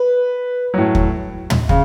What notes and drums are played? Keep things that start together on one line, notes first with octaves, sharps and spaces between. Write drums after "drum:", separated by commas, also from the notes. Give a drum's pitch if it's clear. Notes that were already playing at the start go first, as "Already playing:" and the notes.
Already playing: B4
A2 F#3
drum: kick
drum: tom
C#3, drum: kick